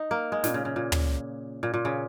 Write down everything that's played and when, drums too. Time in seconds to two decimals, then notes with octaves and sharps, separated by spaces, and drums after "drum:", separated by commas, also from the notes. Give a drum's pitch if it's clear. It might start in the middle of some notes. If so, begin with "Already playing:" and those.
Already playing: D#4
0.11 A#3
0.32 G#3
0.44 A#2, drum: snare
0.54 C#3
0.65 C#3
0.76 A#2
0.92 drum: tom
1.63 A#2
1.74 A#2
1.85 C#3